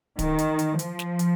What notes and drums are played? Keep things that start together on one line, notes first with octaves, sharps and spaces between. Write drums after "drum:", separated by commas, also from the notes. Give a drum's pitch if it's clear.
D#3, drum: kick D1, hi-hat
drum: hi-hat
drum: hi-hat
F3, drum: hi-hat
drum: snare
drum: hi-hat